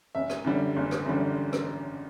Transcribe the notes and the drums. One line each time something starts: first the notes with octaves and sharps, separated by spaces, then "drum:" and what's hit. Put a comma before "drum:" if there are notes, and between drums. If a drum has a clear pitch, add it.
F#1 E5
drum: rim click
F#2 D3 G3
F#1
drum: rim click
F#2 D3 G3
drum: rim click